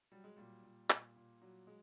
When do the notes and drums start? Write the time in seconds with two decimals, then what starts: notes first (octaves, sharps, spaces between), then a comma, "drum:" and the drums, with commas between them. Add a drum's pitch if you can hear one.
0.12 F#3 G3
0.24 G#3
0.36 A#2 G3
0.63 A#2
0.90 A#2, drum: clap
1.16 A#2
1.42 F#3
1.67 G#3